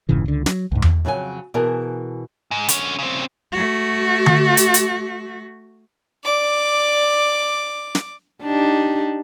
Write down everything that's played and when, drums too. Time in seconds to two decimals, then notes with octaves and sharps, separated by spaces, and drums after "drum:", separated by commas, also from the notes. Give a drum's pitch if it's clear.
0.09 F1 G#2 C#3 E3
0.26 C#2 D3
0.46 F#3, drum: snare
0.72 C#2 G#2
0.82 drum: tom E2
1.05 F2 C#3 F#3 A4 G#5
1.54 B2 E3 G#4 A#4 A5
2.51 G#2
2.69 D3 C#4, drum: hi-hat
2.99 C#3 C4
3.52 A3 F#4
4.26 drum: tom D3
4.57 drum: hi-hat
4.74 drum: hi-hat
6.24 D5 D6
7.95 drum: snare
8.43 D4 D#4 G4